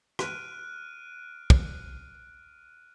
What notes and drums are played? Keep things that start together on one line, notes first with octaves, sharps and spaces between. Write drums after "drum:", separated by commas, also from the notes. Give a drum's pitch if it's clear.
F6 F#6 D7 D#7, drum: rim click
drum: kick